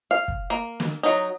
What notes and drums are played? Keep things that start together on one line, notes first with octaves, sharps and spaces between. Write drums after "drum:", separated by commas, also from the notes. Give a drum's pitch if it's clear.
F5
drum: kick
A#3
drum: snare
F#3 D#4